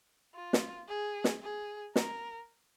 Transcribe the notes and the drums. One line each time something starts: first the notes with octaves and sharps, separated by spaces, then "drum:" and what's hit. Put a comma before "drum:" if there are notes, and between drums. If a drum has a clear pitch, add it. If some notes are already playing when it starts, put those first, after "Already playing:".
F4
drum: snare
G#4
drum: snare
G#4
A#4, drum: snare